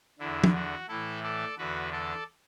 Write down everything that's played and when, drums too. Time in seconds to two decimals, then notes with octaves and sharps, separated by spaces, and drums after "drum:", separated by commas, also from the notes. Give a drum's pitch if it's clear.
0.19 E2 D3 E4
0.44 drum: tom
0.55 F#4
0.88 A2 E3 E4 A4
1.23 A4 D5
1.58 E2 D3 F#4 B4
1.92 A4 D5